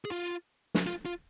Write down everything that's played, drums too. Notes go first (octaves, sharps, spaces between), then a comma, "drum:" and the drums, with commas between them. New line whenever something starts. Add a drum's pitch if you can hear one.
G#4
F4
drum: snare
F4
F4